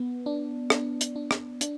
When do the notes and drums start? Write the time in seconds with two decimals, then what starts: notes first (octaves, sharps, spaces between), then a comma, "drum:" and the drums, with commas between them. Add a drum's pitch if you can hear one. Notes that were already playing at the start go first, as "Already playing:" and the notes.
Already playing: B3
0.26 D4
0.70 D4, drum: rim click
1.01 drum: hi-hat
1.16 D4
1.31 drum: rim click
1.61 D4, drum: hi-hat